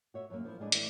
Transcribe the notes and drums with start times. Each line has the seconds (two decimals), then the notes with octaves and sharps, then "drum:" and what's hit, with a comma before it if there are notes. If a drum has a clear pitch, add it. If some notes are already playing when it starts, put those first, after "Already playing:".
0.14 F#4 C#5 E5
0.30 F#2 F#3 A#3
0.45 F3 E4 C5
0.59 A2 G3 G#3 D4 D5
0.72 E3 A3 E4 D5, drum: hi-hat